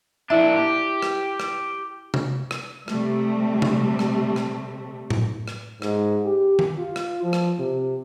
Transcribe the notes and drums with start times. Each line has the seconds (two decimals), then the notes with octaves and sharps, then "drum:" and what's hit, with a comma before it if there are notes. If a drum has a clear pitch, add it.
0.30 A#2 D4 E4 E5
0.56 G4
1.02 drum: rim click
1.40 drum: rim click
2.14 drum: tom C3
2.51 drum: rim click
2.88 C3 G3 A3, drum: rim click
3.62 drum: tom C3
3.99 drum: rim click
4.36 drum: rim click
5.10 drum: tom A2
5.48 drum: rim click
5.82 G#2, drum: rim click
6.25 G4
6.59 drum: tom D#3
6.78 F4
6.96 drum: rim click
7.23 F3
7.33 drum: rim click
7.59 C3